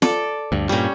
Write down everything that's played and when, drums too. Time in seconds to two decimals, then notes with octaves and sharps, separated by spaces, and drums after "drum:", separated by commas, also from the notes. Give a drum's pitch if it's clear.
0.02 A4 D5, drum: snare
0.52 D2 G2
0.69 G2 A#2 G3 C#4